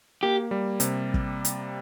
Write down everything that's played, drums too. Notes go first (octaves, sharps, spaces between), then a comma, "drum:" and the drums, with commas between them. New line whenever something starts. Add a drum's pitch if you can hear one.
A#3 G4
G3
C3, drum: hi-hat
drum: kick
drum: hi-hat